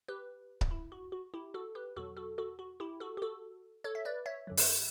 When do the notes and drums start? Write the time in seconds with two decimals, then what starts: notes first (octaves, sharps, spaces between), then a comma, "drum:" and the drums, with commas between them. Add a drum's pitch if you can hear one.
0.08 G4 B4
0.61 drum: kick C#1
0.71 E4
0.92 F#4
1.12 F#4
1.34 E4 G4
1.54 F#4 A4
1.75 G4 B4
1.96 E2 B2 F#3 F#4 A4
2.17 F#4 A4
2.38 F#4 A4
2.59 F#4
2.80 E4 G4
3.00 F#4 A4
3.17 G4
3.22 F#4 A4
3.84 A4 C#5
3.95 E5
4.05 B4 D5
4.26 C#5 E5
4.47 F#2 D3 F#3
4.57 drum: open hi-hat